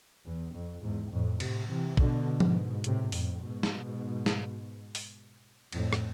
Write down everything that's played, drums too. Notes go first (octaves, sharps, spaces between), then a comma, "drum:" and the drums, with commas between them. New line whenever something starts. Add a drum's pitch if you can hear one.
E2
F2
E2 G#2
F2 A2
A2 C3, drum: cymbal
C3 E3
B2 D3, drum: kick
G#2 B2, drum: tom F3
A2 C3, drum: hi-hat
F2 A2, drum: open hi-hat
G#2 B2
drum: snare
drum: snare
drum: open hi-hat
F2 A2, drum: cymbal
drum: rim click